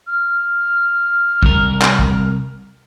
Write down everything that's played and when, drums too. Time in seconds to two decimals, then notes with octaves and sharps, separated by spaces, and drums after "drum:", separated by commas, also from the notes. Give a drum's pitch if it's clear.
0.07 F6
1.43 C2 A#4, drum: kick
1.82 drum: clap
1.99 drum: kick